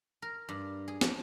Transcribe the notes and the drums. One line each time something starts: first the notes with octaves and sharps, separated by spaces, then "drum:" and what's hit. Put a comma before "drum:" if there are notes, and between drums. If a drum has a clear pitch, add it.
A#4
G2
G#4
F3, drum: snare